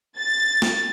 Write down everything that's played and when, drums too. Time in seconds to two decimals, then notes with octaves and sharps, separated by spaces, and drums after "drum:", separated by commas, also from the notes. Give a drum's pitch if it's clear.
0.18 A6
0.62 drum: snare